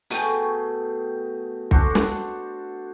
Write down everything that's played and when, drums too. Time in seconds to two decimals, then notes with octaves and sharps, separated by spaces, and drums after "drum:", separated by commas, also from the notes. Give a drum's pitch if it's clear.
0.10 B2 A3 G#4 G5, drum: open hi-hat
1.71 D4 F#4 A4 C5, drum: kick
1.95 drum: snare